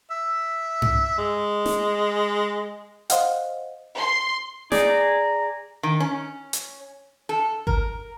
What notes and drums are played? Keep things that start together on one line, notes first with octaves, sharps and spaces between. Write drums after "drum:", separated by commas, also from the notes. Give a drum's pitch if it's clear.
E5
drum: tom G2
G#3
drum: snare
C5 D#5 F5 F#5, drum: hi-hat
C6
D#4 G#4 D5, drum: snare
A#5
D#3
C#4
drum: hi-hat
A4
A#4, drum: kick G#1